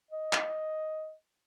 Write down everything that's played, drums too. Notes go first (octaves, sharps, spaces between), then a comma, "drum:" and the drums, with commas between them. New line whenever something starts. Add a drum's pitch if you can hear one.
D#5
drum: clap